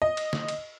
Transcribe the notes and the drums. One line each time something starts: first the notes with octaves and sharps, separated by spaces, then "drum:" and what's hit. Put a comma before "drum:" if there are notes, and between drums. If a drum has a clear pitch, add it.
D#5
drum: cymbal
drum: snare
drum: cymbal